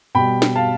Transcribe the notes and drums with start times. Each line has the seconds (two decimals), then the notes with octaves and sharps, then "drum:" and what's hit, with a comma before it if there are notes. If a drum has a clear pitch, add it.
0.15 B2 G3 G5 B5
0.42 drum: snare
0.56 F5 A5